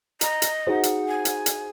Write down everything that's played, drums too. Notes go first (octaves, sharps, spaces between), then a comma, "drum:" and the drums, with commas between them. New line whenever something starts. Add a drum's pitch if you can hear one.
D#5 A#5, drum: hi-hat
drum: hi-hat
D#4 F#4 G#4 C5 F#5
drum: hi-hat
G#5
drum: hi-hat
drum: hi-hat